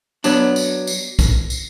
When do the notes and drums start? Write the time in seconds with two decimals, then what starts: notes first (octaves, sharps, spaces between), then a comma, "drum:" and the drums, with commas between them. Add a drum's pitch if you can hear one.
0.24 F#3 B3 D4, drum: tambourine
0.56 drum: tambourine
0.87 drum: tambourine
1.19 drum: kick, tambourine
1.50 drum: tambourine